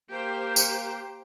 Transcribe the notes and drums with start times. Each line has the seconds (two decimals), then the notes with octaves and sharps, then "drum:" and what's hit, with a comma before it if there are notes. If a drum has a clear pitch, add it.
0.10 A#3 G4 C5 G5
0.56 drum: tambourine